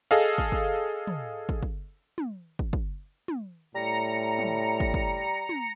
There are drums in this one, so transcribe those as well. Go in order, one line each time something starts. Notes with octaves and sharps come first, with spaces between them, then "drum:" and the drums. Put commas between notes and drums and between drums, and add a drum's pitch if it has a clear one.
G#4 A4 D#5 F5
drum: kick
drum: kick
drum: tom
drum: kick
drum: kick
drum: tom
drum: kick
drum: kick
drum: tom
A2 G3 A#5 C#7
drum: tom
drum: kick
drum: kick
drum: tom